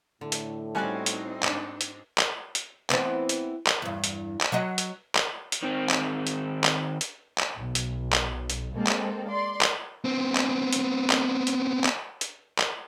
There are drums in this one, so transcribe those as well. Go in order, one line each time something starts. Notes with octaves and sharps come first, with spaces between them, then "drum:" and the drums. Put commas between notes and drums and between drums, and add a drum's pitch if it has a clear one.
A2 D3
drum: hi-hat
G3 C4 C#4 D#4 F#4 D5 G#5 F#6
drum: hi-hat
G#2 D4, drum: clap
drum: hi-hat
drum: clap
drum: hi-hat
E3 B3 C4, drum: clap
drum: hi-hat
drum: clap
E2 G2
drum: hi-hat
drum: clap
F#3 F#4 D#5
drum: hi-hat
drum: clap
drum: hi-hat
D#3 C4
drum: clap
drum: hi-hat
drum: clap
drum: hi-hat
drum: clap
B1
drum: hi-hat
drum: clap
drum: hi-hat
G#3 A#3 C4 A4
drum: clap
D5 C6
drum: clap
B3 C4
drum: clap
drum: hi-hat
drum: clap
drum: hi-hat
drum: clap
drum: hi-hat
drum: clap